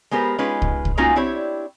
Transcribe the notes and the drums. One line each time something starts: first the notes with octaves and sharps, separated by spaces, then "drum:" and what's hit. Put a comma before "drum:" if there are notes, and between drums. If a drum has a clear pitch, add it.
G#3 B3 G4 A#4 C5
G#3 C#4 D#4 F4 B4
drum: kick C2
drum: kick C2
G#3 A#3 C#4 D#4 F4 F#4
C4 D4 E4 G4 C#5